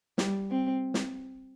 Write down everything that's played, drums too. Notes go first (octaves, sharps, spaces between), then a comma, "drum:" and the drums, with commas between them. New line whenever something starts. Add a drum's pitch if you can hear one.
G3, drum: snare
C4
drum: snare